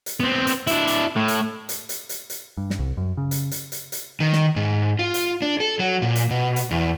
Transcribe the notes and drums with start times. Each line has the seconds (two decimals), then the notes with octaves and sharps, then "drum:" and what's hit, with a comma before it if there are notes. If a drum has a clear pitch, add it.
0.06 drum: hi-hat
0.20 B3 C4
0.47 drum: hi-hat
0.67 D4 E4, drum: hi-hat
0.87 drum: hi-hat
1.16 A2
1.28 drum: hi-hat
1.69 drum: hi-hat
1.89 drum: hi-hat
2.09 drum: hi-hat
2.30 drum: hi-hat
2.57 G2
2.70 drum: snare
2.79 C2
2.97 F#2
3.17 C#3
3.31 drum: hi-hat
3.51 drum: hi-hat
3.72 drum: hi-hat
3.92 drum: hi-hat
4.20 D#3
4.33 drum: snare
4.56 G#2
4.99 F4
5.14 drum: hi-hat
5.42 D4
5.60 A4
5.79 F#3
6.02 A#2
6.15 drum: hi-hat
6.31 B2
6.56 drum: hi-hat
6.71 E2